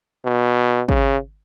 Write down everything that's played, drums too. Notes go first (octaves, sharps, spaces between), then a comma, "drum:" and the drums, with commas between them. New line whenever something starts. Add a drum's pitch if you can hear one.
B2
C#3, drum: kick